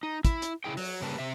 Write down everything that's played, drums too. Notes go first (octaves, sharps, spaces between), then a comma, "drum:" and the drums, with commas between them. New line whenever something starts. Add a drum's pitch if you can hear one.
D#4
E4, drum: kick, hi-hat
drum: hi-hat
C#3 G3 E4 G#4 G5
F#3, drum: open hi-hat
C#3 G3 A#3 B4 A5
C3 E5